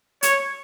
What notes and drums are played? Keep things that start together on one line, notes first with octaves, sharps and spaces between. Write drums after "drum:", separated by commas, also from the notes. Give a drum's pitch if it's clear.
C#5, drum: hi-hat